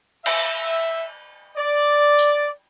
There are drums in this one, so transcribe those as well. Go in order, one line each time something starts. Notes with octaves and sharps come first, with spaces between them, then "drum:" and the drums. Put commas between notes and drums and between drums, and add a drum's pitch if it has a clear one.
E5, drum: cymbal
D5
drum: tambourine